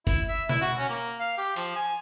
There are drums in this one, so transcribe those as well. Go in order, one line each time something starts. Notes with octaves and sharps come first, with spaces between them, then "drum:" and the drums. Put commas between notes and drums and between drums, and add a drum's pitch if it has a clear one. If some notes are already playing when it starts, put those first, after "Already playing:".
E4, drum: kick G1, hi-hat
E5
E4, drum: tom B2
F#4
C#4
A#3
F5
G4
F3, drum: hi-hat
G#5